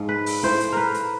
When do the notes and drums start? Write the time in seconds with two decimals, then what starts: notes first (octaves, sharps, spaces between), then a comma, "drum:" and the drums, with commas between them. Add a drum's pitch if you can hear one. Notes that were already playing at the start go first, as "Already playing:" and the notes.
Already playing: G#2 F3
0.09 B4
0.26 drum: open hi-hat
0.43 A2 F3 C5, drum: snare
0.60 drum: hi-hat
0.72 A#4 B4
0.94 drum: hi-hat